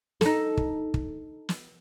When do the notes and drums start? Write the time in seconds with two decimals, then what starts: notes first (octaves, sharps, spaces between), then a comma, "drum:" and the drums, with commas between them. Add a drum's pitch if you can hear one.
0.21 D#4 A4, drum: snare
0.57 drum: kick
0.94 drum: kick
1.49 drum: snare